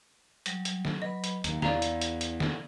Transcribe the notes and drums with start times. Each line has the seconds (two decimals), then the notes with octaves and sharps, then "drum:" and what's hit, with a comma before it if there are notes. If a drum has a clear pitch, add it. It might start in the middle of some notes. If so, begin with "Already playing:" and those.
0.46 F#3 G3, drum: hi-hat
0.65 drum: hi-hat
0.85 drum: snare
1.02 F#3 B4 D#5 B5
1.24 drum: hi-hat
1.44 D#2 D#3 A#3, drum: hi-hat
1.62 E2 E4 D5 F5 A#5, drum: snare
1.82 drum: hi-hat
2.01 drum: hi-hat
2.21 drum: hi-hat
2.40 drum: snare